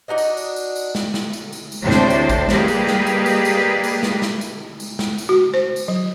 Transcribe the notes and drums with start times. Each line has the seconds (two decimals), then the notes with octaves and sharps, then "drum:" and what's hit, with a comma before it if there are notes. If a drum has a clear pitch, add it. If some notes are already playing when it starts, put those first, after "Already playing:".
0.08 D4 D#4 F#4 D#5
0.18 drum: tambourine
0.37 drum: tambourine
0.56 drum: tambourine
0.76 drum: tambourine
0.95 drum: snare
1.14 drum: snare
1.33 drum: tambourine
1.53 drum: tambourine
1.72 drum: tambourine
1.82 D2 A2 C3 D4 C5
1.91 drum: snare
2.10 drum: tambourine
2.30 drum: kick, tambourine
2.49 G3 A#3 G4 G#4 B4 D#5, drum: snare
2.68 drum: tambourine
2.87 drum: snare
3.07 drum: tambourine
3.26 drum: tambourine
3.45 drum: tambourine
3.84 drum: tambourine
4.03 drum: snare
4.22 drum: snare
4.41 drum: tambourine
4.80 drum: tambourine
4.99 drum: snare
5.18 drum: tambourine
5.29 F#4
5.54 C5
5.76 drum: tambourine
5.88 F#3